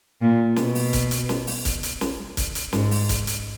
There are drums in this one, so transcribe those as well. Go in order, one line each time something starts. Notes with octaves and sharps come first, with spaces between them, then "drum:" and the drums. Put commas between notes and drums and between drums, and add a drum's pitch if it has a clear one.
A#2
B2, drum: snare
drum: open hi-hat
drum: kick C#1, hi-hat
drum: hi-hat
drum: snare
drum: open hi-hat
drum: kick C#1, hi-hat
drum: hi-hat
drum: snare
drum: kick C#1, hi-hat
drum: hi-hat
G#2, drum: snare
drum: open hi-hat
drum: kick C#1, hi-hat
drum: hi-hat